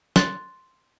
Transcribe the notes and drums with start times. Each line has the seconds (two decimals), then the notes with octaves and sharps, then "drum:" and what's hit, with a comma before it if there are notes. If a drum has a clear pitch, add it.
0.16 C6 F#6 A6, drum: snare